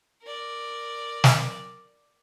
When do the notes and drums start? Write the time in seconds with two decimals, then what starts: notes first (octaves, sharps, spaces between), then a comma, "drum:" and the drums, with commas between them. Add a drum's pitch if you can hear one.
0.23 A#4 D5
1.24 drum: snare